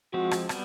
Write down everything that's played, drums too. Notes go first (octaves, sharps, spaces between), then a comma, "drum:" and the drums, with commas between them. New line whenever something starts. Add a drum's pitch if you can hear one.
F3 G#3 C4 F#4
drum: rim click
G3 B3, drum: rim click